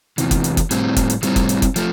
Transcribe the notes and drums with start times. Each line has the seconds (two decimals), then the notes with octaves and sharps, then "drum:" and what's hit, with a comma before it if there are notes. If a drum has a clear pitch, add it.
0.18 E2 C3 E3, drum: hi-hat
0.31 drum: kick F#1, hi-hat
0.44 drum: hi-hat
0.57 drum: kick F#1, hi-hat
0.71 A2 G3 C4, drum: hi-hat
0.96 drum: kick F#1, hi-hat
1.10 drum: hi-hat
1.23 A2 G3 C4, drum: hi-hat
1.36 drum: kick F#1, hi-hat
1.49 drum: hi-hat
1.62 drum: kick F#1, hi-hat
1.76 F3 A3, drum: hi-hat